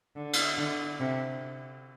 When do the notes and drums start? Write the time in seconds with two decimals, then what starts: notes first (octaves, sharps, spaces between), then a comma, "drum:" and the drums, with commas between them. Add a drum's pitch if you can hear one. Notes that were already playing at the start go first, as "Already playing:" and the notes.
0.16 D3
0.33 drum: cymbal
0.58 D3
1.00 C3